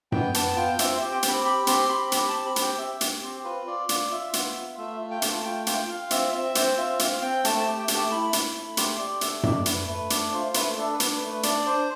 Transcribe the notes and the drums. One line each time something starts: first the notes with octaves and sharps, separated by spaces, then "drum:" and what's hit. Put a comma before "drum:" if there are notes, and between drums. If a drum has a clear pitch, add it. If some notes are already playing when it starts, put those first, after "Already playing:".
B3 G5, drum: tom F#2
B3 A5, drum: hi-hat
F4 G5
C4 E5, drum: hi-hat
C5
G4
G5
C4, drum: hi-hat
B5
G4 B5
C4 C6, drum: hi-hat
G4 B5
G4 B5, drum: hi-hat
A5
C4
B5
G4, drum: hi-hat
G5
G4 E5
G4, drum: hi-hat
C4 C5
F4 B4
F4 D5
F4 D5, drum: hi-hat
F4 E5
B3, drum: hi-hat
F4
A3 E5
F4
G5
A3, drum: hi-hat
A5
F4 G5
F4 G5, drum: hi-hat
F4 F5
C4 E5, drum: hi-hat
C4 E5
C4 C5, drum: hi-hat
F4 E5
C4 F5, drum: hi-hat
C4 G5
A3 A5, drum: hi-hat
A5
G4
G5
A3, drum: hi-hat
A5
E4 B5
E4, drum: hi-hat
A3
G4 C6, drum: hi-hat
G4 D5
A3 E5, drum: hi-hat
A3 D5, drum: tom F#2
A3 B4, drum: hi-hat
A3 B4
D4 D5, drum: hi-hat
F4 C5
A3 B4, drum: hi-hat
B4
D4 A4
B4
D4, drum: hi-hat
B4
A3
B4
D4 D5, drum: hi-hat
D4 C5